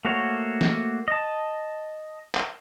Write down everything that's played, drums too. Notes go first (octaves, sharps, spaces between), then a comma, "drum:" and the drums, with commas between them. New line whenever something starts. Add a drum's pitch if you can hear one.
A3 A#3 F#4 C5 C#5
drum: snare
D#5 A5
drum: clap